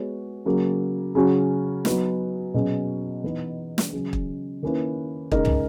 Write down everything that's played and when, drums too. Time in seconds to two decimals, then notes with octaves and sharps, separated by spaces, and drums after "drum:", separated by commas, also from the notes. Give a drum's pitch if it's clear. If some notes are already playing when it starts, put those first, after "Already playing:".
Already playing: G#3 B3 F#4 C#5
0.46 C#3 F#3 A#3
1.15 C#3 F#3 C#4 F#4
1.85 F#3 B3 D#4, drum: snare
2.54 B2 F#3 C#4 G#4
3.24 E3 B3 D#4
3.78 drum: snare
3.93 C#3 F#3 C#4
4.13 drum: kick
4.62 D#3 A#3 C#4 E4 B4
5.32 C#3 G#3 D#4 A#4, drum: kick
5.45 drum: tom